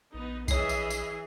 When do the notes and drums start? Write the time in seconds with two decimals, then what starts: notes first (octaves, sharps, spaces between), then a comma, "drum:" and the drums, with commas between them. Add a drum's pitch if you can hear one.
0.14 A#1 B3 D#4 B4
0.48 E3 G#4 B4 C#5 D#5 E5 C7, drum: kick B1, tambourine
0.69 drum: tambourine
0.91 drum: tambourine